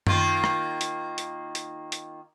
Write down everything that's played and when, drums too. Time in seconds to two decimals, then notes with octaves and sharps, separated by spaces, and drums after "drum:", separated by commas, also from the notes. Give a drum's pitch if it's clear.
0.07 D#3 A#3 F4, drum: tom F#2
0.44 drum: rim click
0.81 drum: hi-hat
1.18 drum: hi-hat
1.55 drum: hi-hat
1.92 drum: hi-hat